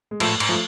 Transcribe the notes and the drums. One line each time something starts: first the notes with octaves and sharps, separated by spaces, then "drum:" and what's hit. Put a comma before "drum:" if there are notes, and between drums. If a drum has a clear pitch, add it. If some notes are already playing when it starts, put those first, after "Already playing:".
G#3
A2 F3 A3, drum: cymbal
G#2, drum: cymbal
F3 A3